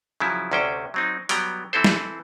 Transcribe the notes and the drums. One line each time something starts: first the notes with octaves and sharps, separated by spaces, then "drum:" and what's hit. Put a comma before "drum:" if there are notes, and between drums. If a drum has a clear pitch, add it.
C#3 F3 F#3 E4
D2 C3 C#4 C5 G5
F#3 C4 D#4
F#3 G3 B3 G5 A#5, drum: hi-hat
E3 C4 E4 A4 C5
drum: snare